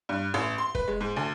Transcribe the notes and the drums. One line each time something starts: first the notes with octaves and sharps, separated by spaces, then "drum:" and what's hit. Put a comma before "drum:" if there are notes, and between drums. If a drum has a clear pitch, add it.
G2
A1
C6
B4, drum: kick
G#3
G#2
D2